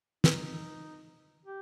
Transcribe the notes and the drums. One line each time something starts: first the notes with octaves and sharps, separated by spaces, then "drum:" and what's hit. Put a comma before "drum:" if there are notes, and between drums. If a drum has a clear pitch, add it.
D#4, drum: snare
G4